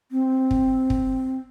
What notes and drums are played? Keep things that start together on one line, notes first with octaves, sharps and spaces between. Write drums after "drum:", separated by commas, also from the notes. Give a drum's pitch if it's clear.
C4
drum: kick
drum: kick